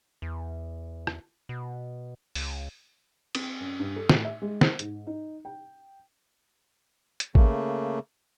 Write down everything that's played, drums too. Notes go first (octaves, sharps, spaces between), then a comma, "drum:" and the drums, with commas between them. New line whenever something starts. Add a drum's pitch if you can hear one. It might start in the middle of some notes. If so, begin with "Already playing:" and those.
E2
drum: rim click
B2
C#2, drum: open hi-hat
C4, drum: cymbal
F#2
G2
A4
A2, drum: snare
E5
G#3
C5, drum: snare
G#2, drum: hi-hat
D#4
G5
drum: hi-hat
C#3 A3 A#3, drum: kick G#1